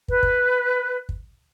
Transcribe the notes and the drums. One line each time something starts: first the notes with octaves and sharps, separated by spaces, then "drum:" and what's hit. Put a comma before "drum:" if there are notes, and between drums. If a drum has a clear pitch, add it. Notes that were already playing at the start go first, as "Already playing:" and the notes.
B4, drum: kick
drum: kick
drum: kick